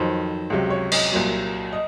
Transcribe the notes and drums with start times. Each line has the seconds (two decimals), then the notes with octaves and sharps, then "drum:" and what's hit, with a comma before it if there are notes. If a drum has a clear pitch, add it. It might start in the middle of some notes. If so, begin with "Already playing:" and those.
Already playing: F2 D#3 F#3 C5
0.50 C#2 C3 F#3
0.70 C#5
0.92 D#5, drum: cymbal
1.12 C2 A#2 F#3
1.73 D#5